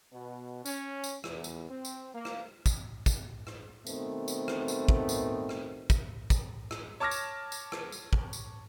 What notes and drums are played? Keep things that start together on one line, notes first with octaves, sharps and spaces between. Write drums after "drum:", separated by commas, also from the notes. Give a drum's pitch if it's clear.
B2
C#4, drum: tambourine
drum: tambourine
E2, drum: rim click
drum: tambourine
C4
drum: tambourine
A#3
drum: rim click
drum: kick, tambourine
drum: kick, tambourine
drum: rim click
B2 D#3 A3 B3 C4, drum: tambourine
drum: tambourine
drum: rim click
drum: tambourine
drum: kick
drum: tambourine
drum: rim click
drum: kick, tambourine
drum: kick, tambourine
drum: rim click
C#5 A5 D6 F6 G#6 A#6
drum: tambourine
drum: tambourine
drum: rim click
drum: tambourine
drum: kick
drum: tambourine